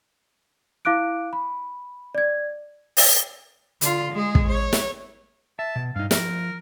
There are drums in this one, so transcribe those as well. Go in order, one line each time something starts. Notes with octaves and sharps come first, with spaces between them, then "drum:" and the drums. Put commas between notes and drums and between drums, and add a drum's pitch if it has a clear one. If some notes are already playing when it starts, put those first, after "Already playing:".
E4 F5 D6 F#6 D7
B5
D5 G#6
drum: open hi-hat
D3 F4, drum: hi-hat
G#3 G#4
drum: kick
C#5
drum: snare
E5 A5
B2
G2 D#4 F5
F3 A#4, drum: snare